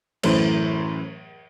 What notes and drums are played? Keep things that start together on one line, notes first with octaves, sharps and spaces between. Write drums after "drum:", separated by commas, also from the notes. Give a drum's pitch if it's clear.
F#2 A2 E3 C5, drum: cymbal